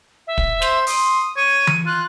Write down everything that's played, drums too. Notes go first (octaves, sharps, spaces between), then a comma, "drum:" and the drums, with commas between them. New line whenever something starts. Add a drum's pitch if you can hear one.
E5
drum: kick
C5, drum: snare
C6 D#6, drum: open hi-hat
C#5 D#7
drum: tom E3
F4 F#6